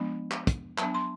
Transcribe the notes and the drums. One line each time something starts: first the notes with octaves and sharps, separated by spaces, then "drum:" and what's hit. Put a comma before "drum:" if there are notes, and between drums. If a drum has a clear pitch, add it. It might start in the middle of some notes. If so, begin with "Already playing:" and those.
Already playing: F3 G#3 B3 D4
drum: clap
drum: kick, hi-hat
F#3 B3 D4 A5, drum: clap
C6